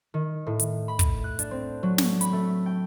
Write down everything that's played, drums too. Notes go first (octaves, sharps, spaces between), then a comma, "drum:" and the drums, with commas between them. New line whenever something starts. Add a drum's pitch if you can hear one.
D#3
A2
drum: hi-hat
B5
drum: kick, hi-hat
F#6
D4, drum: hi-hat
C4
F#3
drum: snare
B5, drum: hi-hat
A3
G5